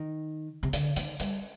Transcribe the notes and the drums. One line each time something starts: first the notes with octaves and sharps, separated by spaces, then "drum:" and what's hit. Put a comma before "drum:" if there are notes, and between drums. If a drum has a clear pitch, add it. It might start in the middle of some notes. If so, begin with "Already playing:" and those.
Already playing: D#3
C3
D3, drum: hi-hat
D#3, drum: hi-hat
G3, drum: hi-hat